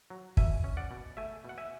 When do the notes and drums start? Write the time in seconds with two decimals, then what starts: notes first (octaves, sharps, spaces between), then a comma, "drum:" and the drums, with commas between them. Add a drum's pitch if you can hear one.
0.10 F#3
0.37 B2 E5 G#5, drum: kick
0.64 C#4
0.77 D5 F#5
0.91 B2
1.17 A3 E5 G#5
1.45 B2 F#5
1.58 E5 G#5